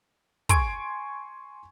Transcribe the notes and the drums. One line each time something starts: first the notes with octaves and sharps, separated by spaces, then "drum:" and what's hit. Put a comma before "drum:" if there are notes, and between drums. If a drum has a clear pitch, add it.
G#5 C6 C#6 G#6 D7, drum: kick, hi-hat